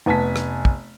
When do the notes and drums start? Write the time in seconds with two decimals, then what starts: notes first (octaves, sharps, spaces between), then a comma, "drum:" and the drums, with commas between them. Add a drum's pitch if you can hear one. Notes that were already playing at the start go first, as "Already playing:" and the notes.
0.06 F1 B3 G#5 A5 B6
0.36 drum: rim click
0.65 drum: kick